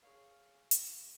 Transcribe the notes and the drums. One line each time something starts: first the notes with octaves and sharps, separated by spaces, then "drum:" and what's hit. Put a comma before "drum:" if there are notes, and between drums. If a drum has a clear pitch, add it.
G#4 C#5 F5
drum: hi-hat